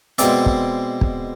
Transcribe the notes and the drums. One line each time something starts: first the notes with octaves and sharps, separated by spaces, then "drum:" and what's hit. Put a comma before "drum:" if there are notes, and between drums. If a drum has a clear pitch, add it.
B2 G#3 C4 D5 E5, drum: hi-hat
drum: kick
drum: kick